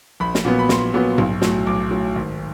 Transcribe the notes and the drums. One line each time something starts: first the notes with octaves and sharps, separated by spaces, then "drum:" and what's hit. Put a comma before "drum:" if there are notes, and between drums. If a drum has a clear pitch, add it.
A#1 B5
drum: snare
A#2 F#3 B3
B5
A#1 C6, drum: snare
A#2 F#3 B3
B1, drum: tom G#2
A2 F#3, drum: snare
B1 D6
A2 F#3
G#1